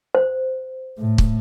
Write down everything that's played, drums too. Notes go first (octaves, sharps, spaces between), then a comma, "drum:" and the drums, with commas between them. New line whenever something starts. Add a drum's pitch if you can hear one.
C5
A2
drum: kick